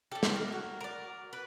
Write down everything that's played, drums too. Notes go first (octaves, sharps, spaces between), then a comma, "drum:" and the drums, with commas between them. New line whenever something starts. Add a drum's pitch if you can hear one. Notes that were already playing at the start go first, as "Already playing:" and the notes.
G3 G4 A4
drum: snare
A#4
F#3 F#4
A#4 D5
B4